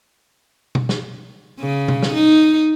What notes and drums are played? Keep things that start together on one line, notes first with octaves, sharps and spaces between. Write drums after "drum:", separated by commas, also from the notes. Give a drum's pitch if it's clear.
drum: tom B2
drum: snare
C#3
drum: tom B2
drum: snare
D#4